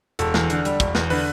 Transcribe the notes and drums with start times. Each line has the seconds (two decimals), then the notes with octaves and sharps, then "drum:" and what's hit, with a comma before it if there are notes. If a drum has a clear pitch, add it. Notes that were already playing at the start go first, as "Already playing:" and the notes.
0.19 E1 A4, drum: hi-hat
0.34 E2, drum: snare
0.50 D3, drum: hi-hat
0.65 G3, drum: hi-hat
0.80 E1, drum: kick, hi-hat
0.95 E2, drum: snare
1.10 D3 B4, drum: open hi-hat